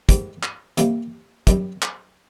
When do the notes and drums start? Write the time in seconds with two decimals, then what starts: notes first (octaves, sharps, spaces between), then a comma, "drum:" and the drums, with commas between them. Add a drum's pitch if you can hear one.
0.09 G#2 D#3 G3, drum: kick, hi-hat
0.43 drum: clap
0.77 C3 D#3 G3 A#3, drum: hi-hat
1.47 F#2 D#3 G3, drum: kick, hi-hat
1.82 drum: clap